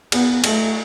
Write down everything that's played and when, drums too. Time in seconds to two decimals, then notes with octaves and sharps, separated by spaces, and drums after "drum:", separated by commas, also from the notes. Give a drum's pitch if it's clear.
0.12 B3, drum: cymbal
0.44 A3, drum: cymbal